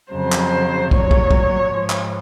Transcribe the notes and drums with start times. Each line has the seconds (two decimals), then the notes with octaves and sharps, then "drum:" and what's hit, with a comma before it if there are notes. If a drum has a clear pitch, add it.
0.12 F2 C#3 F#3 C5
0.32 drum: clap
0.91 A#2 F#3 C#5, drum: kick
1.11 drum: kick
1.31 drum: kick
1.70 G#2 F3
1.90 drum: clap